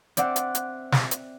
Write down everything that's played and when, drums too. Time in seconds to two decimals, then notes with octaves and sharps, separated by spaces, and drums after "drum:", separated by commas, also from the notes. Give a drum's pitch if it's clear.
0.17 C4 D5 E5 F#5, drum: hi-hat
0.36 drum: hi-hat
0.55 drum: hi-hat
0.92 drum: snare
1.11 drum: hi-hat